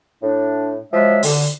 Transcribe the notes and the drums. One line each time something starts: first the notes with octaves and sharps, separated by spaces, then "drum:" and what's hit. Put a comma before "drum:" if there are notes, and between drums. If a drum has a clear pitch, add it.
A2 D4
F3 F#3 G#3 E5
D3, drum: open hi-hat